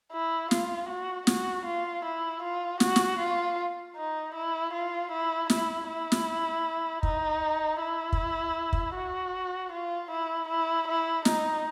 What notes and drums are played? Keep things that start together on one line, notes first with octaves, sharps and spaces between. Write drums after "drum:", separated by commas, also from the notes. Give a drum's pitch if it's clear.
E4
F4, drum: snare
F#4
F#4, drum: snare
F4
E4
F4
F#4, drum: snare
drum: snare
F4
D#4
E4
F4
E4
E4, drum: snare
E4
drum: snare
D#4, drum: kick
E4
drum: kick
drum: kick
F#4
F4
E4
E4
E4
D#4, drum: snare